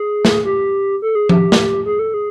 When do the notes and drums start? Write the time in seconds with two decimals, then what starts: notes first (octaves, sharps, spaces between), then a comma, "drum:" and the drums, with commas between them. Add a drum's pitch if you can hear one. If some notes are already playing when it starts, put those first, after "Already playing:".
Already playing: G#4
0.25 drum: snare
0.45 G4
1.02 A4
1.15 G#4
1.29 G4, drum: tom F3
1.52 drum: snare
1.86 G#4
1.99 A4
2.14 G#4